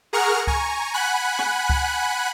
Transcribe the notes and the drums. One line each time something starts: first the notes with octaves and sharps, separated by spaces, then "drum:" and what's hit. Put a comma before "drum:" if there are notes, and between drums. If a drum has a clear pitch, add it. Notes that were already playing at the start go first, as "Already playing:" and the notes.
G#4 A#4 F#5 A#5 C#6 F6
G#5 A#5 C#6, drum: kick C#2
F#5 G#5 B5 F#6
drum: rim click
drum: kick C#2